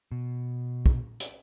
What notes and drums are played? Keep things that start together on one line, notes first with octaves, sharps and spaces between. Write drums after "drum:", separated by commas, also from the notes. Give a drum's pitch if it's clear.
B2
drum: kick
drum: hi-hat